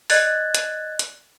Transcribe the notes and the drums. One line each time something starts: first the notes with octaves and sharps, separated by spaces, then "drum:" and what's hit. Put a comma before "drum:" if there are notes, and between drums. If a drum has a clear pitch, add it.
D5 D#5 F#6 G#6 A6, drum: open hi-hat
drum: hi-hat
drum: hi-hat